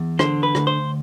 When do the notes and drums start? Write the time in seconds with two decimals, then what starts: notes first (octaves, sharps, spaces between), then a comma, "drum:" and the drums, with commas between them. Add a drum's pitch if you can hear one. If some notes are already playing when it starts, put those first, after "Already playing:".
Already playing: E2
0.19 D3 C5, drum: rim click
0.43 B4
0.55 D2, drum: rim click
0.67 C5